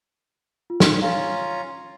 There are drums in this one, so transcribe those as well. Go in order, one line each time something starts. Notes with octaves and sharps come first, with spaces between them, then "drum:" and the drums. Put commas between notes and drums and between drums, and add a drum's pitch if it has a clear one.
F4
drum: snare
C#4 F4 F5 A#5